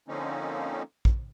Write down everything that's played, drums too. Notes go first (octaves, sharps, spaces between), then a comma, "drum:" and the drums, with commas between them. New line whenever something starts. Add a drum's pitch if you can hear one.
D3 F3 A#3 C4 C#4 D#4
drum: kick